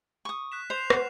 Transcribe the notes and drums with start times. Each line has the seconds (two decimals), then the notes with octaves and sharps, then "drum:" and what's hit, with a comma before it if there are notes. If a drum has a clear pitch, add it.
0.25 C#6 D#6
0.52 F#6 B6 E7
0.70 C5 C7 E7 F7
0.90 B4 F#5, drum: rim click